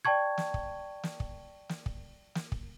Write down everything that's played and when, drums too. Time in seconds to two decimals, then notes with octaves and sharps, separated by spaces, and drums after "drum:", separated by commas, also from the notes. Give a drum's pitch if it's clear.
0.05 D5 G5 A5 C#6 G#6
0.38 drum: snare
0.54 drum: kick
1.03 drum: snare
1.20 drum: kick
1.69 drum: snare
1.86 drum: kick
2.35 drum: snare
2.52 drum: kick